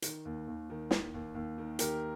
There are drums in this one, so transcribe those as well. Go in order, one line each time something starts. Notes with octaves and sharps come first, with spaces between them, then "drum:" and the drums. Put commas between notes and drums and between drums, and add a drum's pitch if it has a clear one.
D#3, drum: hi-hat
D#2
D#2
D#3
D#3, drum: snare
D#2
D#2
D#3
D#3 G4 A#4, drum: hi-hat